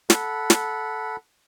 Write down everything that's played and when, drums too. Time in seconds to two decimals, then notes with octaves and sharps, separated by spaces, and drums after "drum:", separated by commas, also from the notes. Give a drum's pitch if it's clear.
0.10 A4 F#5 B5, drum: snare
0.50 drum: snare